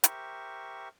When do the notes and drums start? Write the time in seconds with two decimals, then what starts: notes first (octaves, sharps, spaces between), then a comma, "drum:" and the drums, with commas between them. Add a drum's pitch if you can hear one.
0.04 G4 A#4 C5 E5 C#6, drum: hi-hat